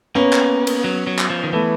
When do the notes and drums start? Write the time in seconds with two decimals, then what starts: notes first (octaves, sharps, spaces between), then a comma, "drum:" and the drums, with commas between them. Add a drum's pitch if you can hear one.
0.15 A#3 B3 C#4
0.33 drum: clap
0.67 drum: cymbal
0.84 F#3
1.07 F#3
1.18 drum: clap
1.30 F3
1.44 D#3
1.53 E3 A3 B3